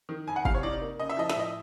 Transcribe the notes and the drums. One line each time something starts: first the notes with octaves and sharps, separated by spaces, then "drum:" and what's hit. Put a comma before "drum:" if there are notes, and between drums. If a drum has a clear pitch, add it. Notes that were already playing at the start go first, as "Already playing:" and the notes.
D#3
F2 G#5
F#5
C3 F5, drum: kick
C#5
D#4 D5
A#3
C#3 D#5
E5
F3 D#5
E5, drum: snare
A2 D#5